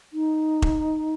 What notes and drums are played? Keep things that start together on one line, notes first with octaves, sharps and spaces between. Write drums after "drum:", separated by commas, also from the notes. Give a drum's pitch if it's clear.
D#4
drum: kick E1